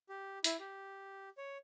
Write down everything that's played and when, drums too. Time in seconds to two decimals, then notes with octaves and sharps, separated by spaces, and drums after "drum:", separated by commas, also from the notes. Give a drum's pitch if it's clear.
0.09 G4
0.44 E4, drum: hi-hat
0.59 G4
1.37 C#5